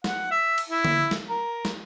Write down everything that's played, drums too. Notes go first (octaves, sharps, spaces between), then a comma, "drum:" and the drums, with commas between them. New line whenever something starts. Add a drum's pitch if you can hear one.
F#5, drum: snare
E5
drum: cymbal
E4
drum: tom D3
drum: snare
A#4
drum: snare